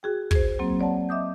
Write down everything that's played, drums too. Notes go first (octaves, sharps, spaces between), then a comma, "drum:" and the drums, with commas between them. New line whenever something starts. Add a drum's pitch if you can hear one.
F#4 G#4 G5
G#4 C5, drum: kick
F#3 A#3 C4
C#5 D5 F#5 A5
D#5 E5 D6 D#6 G6